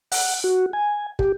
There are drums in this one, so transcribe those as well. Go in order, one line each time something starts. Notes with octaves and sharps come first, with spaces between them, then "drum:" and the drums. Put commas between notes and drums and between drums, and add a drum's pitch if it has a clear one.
F#5, drum: open hi-hat
F#4
G#5
G4, drum: kick